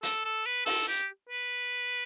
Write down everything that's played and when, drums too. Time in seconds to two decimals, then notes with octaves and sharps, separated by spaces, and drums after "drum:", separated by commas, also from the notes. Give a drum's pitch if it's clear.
0.03 A4, drum: hi-hat
0.25 A4
0.46 B4
0.66 A4, drum: open hi-hat
0.88 G4
1.29 B4